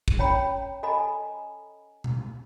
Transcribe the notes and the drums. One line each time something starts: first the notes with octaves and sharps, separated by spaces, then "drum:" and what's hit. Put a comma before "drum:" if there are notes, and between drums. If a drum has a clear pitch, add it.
drum: kick
C#4 C#5 G5 A#5 B5
A4 D#5 G#5 A#5 B5
drum: tom B2